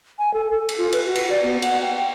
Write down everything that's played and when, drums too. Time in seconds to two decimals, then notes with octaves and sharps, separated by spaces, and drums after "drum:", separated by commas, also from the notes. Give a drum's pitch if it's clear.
0.19 G#5
0.34 A4
0.51 A4
0.69 drum: cymbal
0.78 F4
0.92 B4, drum: cymbal
1.06 F#4
1.15 drum: cymbal
1.30 D5
1.43 B3
1.62 F#5, drum: cymbal
1.81 G5
1.98 G5